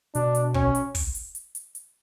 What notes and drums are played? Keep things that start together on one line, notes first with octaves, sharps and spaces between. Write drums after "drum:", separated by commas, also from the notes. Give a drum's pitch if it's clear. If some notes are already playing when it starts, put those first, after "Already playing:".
B2 D4, drum: hi-hat
drum: hi-hat
C#4, drum: kick
drum: hi-hat
drum: kick, open hi-hat
drum: hi-hat
drum: hi-hat
drum: hi-hat
drum: hi-hat